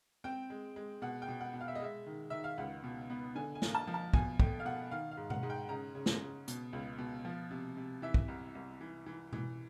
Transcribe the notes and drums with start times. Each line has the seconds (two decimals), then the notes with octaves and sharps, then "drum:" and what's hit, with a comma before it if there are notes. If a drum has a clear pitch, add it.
0.24 C4 G5
0.50 G#3
0.76 G#3
1.02 B2 F#5
1.22 G5
1.28 B2
1.41 F#5
1.54 B2
1.61 F5
1.68 E5
1.75 D#5
1.80 G#3 E5
2.06 D#3
2.30 D#3 E5
2.44 F5
2.58 C#2 F#5
2.83 B2
3.10 B3
3.35 D3 G#5
3.55 G#5
3.62 A#3, drum: snare
3.75 A5
3.87 F3
3.94 A5
4.13 B2 G#5, drum: kick
4.40 A3 G5, drum: kick
4.60 F5
4.65 B2 F#5
4.91 D#3 F5
5.11 F5
5.17 G#2
5.30 F#5, drum: tom B2
5.43 G#2
5.50 G5
5.69 C#3 A#5
5.95 C#3
6.06 drum: snare
6.21 C#3
6.48 B2, drum: hi-hat
6.73 C#2
6.98 B2
7.25 F3
7.51 C3
7.77 C3
8.02 E3 E5
8.14 drum: kick
8.28 C2
8.55 C2
8.81 E3
9.06 E3
9.33 E3, drum: tom B2